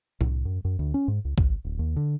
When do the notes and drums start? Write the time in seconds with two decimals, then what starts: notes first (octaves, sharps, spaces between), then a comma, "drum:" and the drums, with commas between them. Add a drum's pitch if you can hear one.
0.21 C2, drum: tom A2
0.45 F#2
0.65 F#2
0.79 D2
0.94 C#4
1.08 G#2
1.25 C#2
1.38 G#1, drum: kick C2
1.65 D1
1.79 D#2
1.96 D3